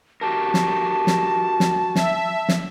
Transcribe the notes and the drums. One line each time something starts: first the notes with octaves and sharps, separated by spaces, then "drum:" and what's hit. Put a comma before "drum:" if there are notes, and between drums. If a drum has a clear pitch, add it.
F#4 G4 A#4 A5
drum: snare
drum: snare
drum: snare
E5, drum: snare
drum: snare